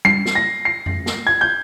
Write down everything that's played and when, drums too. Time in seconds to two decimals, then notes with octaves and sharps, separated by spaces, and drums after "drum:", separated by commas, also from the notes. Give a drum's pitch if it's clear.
0.05 C7, drum: tom G3
0.26 drum: snare
0.35 A#6
0.65 C7
0.86 drum: tom F2
1.06 drum: snare
1.27 G#6
1.41 G6